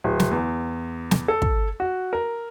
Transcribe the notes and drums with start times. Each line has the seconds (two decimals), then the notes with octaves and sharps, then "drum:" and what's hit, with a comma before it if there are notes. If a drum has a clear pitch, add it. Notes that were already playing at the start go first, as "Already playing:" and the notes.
0.04 D1
0.20 drum: snare
0.31 E2
1.11 drum: snare
1.28 A4
1.42 drum: kick
1.80 F#4
2.13 A#4